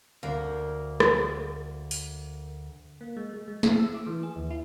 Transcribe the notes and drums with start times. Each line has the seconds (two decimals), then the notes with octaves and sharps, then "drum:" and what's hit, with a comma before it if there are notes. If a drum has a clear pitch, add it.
0.23 D2 A#3
1.00 drum: rim click
1.91 drum: open hi-hat
3.01 A#3
3.17 G#3
3.33 G#3
3.48 G#3
3.63 E4, drum: snare
3.79 E6
3.95 D6
4.07 E3
4.23 G#4
4.36 D#2
4.51 E4